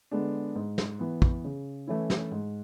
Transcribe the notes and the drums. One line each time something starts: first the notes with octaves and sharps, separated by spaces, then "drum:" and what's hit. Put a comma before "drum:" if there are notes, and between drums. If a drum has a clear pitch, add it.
D3 G#3 B3 D4
G#2
drum: snare
E3 B3
drum: kick
C#3
E3 A3 C#4 E4
drum: snare
G#2